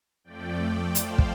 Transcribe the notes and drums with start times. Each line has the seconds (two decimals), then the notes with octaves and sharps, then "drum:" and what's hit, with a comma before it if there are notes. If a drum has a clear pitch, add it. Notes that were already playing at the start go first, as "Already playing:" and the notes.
0.24 F2 F3 A3 D5 G5
0.95 C5 F5, drum: hi-hat
1.18 drum: kick